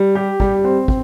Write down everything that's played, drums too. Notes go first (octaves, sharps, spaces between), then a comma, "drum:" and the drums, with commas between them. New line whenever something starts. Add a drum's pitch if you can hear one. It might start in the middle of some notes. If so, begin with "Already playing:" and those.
Already playing: G3
G4
G3, drum: kick
C4
C4, drum: kick